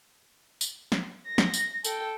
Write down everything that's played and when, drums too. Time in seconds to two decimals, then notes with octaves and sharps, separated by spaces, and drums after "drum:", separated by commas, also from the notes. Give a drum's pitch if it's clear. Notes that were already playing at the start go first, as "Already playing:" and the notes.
0.61 drum: tambourine
0.92 drum: snare
1.27 A#6
1.38 drum: snare
1.54 drum: tambourine
1.84 A4 G5, drum: tambourine